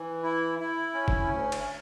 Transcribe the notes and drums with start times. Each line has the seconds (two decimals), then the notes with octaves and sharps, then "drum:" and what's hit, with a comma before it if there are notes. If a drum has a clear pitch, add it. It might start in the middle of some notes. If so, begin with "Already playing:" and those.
Already playing: E3
0.23 E4
0.58 E4
0.94 C#4
1.08 drum: kick
1.29 D2
1.52 drum: cymbal